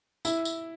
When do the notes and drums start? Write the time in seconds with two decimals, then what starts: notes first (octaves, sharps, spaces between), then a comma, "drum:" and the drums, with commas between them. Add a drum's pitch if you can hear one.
0.25 E4, drum: tambourine
0.45 drum: tambourine